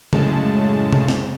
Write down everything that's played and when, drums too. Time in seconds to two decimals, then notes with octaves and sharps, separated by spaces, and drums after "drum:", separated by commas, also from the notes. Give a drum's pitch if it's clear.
0.13 F#2 A2 C#3 G#3 A5, drum: tom C#3
0.93 drum: tom C3
1.08 drum: snare